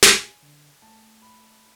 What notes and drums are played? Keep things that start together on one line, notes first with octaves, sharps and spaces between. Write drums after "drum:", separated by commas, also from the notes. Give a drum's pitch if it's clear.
B2 G#5, drum: snare
D3
A3 A5
B5